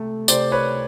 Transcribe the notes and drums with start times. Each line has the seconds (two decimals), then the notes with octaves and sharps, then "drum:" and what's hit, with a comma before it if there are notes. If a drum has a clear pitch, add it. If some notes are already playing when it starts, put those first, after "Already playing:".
Already playing: C3 A3
0.28 C3 C5 D5, drum: tambourine
0.51 B4 C#5